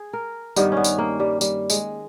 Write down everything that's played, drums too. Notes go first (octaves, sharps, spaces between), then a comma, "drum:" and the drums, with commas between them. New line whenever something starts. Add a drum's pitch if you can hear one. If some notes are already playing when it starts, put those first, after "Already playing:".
Already playing: G#4
A#4
G2 D#3 G3 B3, drum: tambourine
B3 C#4
drum: tambourine
A#3
G3
G3, drum: tambourine
G#3, drum: tambourine